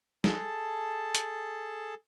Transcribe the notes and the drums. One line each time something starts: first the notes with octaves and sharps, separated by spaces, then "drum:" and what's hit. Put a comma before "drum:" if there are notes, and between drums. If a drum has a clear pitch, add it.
G#4 A4 A5, drum: snare
drum: hi-hat